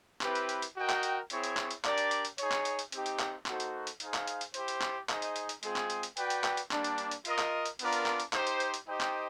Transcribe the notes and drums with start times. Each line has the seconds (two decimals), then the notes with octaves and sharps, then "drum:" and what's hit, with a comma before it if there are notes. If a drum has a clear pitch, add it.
0.21 C4 E4 G4 B4, drum: clap
0.35 drum: hi-hat
0.49 drum: hi-hat
0.62 drum: hi-hat
0.76 F#4 A#4 D#5 G5
0.89 drum: clap
1.03 drum: hi-hat
1.30 C4 E4 G#4 C#5, drum: hi-hat
1.44 drum: hi-hat
1.57 drum: clap
1.71 drum: hi-hat
1.84 D4 G4 A#4 D5, drum: clap
1.98 drum: hi-hat
2.11 drum: hi-hat
2.25 drum: hi-hat
2.38 D#4 G#4 C#5, drum: hi-hat
2.52 drum: clap
2.65 drum: hi-hat
2.79 drum: hi-hat
2.92 C4 D#4 G4, drum: hi-hat
3.06 drum: hi-hat
3.19 drum: clap
3.46 A#3 D#4 F#4 A4 C5, drum: clap
3.60 drum: hi-hat
3.87 drum: hi-hat
4.00 D#4 G#4 C5 F5, drum: hi-hat
4.14 drum: clap
4.27 drum: hi-hat
4.41 drum: hi-hat
4.54 E4 G4 C5, drum: hi-hat
4.68 drum: hi-hat
4.82 drum: clap
5.09 D#4 G#4 C5 D#5, drum: clap
5.22 drum: hi-hat
5.36 drum: hi-hat
5.49 drum: hi-hat
5.63 G#3 C4 F4 G#4, drum: hi-hat
5.76 drum: clap
5.90 drum: hi-hat
6.03 drum: hi-hat
6.17 F#4 B4 D5 G5, drum: hi-hat
6.30 drum: hi-hat
6.44 drum: clap
6.57 drum: hi-hat
6.71 G3 A#3 D4, drum: clap
6.84 drum: hi-hat
6.98 drum: hi-hat
7.11 drum: hi-hat
7.25 F4 A#4 D#5, drum: hi-hat
7.38 drum: clap
7.66 drum: hi-hat
7.79 B3 D4 F4 A#4 D5, drum: hi-hat
7.93 drum: hi-hat
8.06 drum: clap
8.20 drum: hi-hat
8.33 D#4 G4 C5, drum: clap
8.47 drum: hi-hat
8.60 drum: hi-hat
8.74 drum: hi-hat
8.87 D#4 G4 C5 D#5 G5
9.01 drum: clap